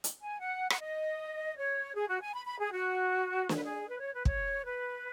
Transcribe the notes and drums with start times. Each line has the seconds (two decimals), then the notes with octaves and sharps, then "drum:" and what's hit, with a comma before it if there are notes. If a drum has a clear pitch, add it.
0.04 drum: hi-hat
0.21 G#5
0.40 F#5
0.70 F#5, drum: rim click
0.80 D#5
1.57 C#5
1.94 G#4
2.08 F#4
2.21 G#5
2.33 B5
2.45 B5
2.59 G#4
2.71 F#4
3.49 G#4, drum: snare
3.56 B4
3.63 G#4
3.88 B4
4.00 C#5
4.13 B4
4.25 C#5, drum: kick
4.64 B4